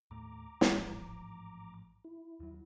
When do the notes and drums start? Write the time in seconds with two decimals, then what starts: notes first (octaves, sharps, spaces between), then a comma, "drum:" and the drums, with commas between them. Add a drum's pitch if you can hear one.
0.11 D#2 A2 A3 A#5 D6
0.61 A1 G#2 F3, drum: snare
2.04 E4
2.40 D#2 F#3